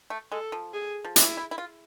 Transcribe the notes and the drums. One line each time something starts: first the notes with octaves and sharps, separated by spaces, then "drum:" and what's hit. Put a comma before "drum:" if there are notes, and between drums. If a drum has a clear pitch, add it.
A3
G#3 A4
F3
G#4
F3
G#3 E4, drum: hi-hat
E4
E4
F4